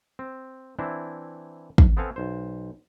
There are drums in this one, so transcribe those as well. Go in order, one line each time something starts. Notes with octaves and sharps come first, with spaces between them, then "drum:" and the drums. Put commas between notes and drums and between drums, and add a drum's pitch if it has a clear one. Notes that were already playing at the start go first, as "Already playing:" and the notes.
C4
E3 C4 D4 E4
drum: kick
B3 C4 A4 F5 G#5
B1 C5